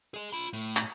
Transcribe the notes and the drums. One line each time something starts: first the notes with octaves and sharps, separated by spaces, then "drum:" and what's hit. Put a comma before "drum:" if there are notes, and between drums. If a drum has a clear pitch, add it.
G#4 D#5
F4 B5
A2
drum: clap